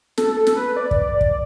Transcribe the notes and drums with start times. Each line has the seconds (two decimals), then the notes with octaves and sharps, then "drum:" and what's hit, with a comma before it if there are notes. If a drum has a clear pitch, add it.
0.18 A4, drum: snare
0.37 A4
0.47 drum: snare
0.56 B4
0.77 D5
0.91 drum: kick
1.21 drum: kick